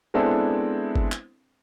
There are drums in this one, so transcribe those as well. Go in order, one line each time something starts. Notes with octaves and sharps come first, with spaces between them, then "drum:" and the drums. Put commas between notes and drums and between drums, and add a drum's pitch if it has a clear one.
G#3 B3 C4 D4 E4 A4
drum: kick G1
drum: clap